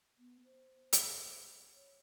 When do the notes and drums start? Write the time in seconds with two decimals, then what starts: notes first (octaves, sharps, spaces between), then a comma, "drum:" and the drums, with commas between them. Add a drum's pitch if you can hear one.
0.18 B3
0.45 C5
0.93 drum: hi-hat
1.73 C#5